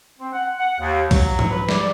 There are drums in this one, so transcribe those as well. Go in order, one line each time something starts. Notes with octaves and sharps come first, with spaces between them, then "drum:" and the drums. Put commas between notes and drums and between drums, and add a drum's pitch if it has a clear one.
C4
F#5
F#5
D#2
F#3, drum: kick C2, open hi-hat
drum: tom G#2
B4
D5, drum: snare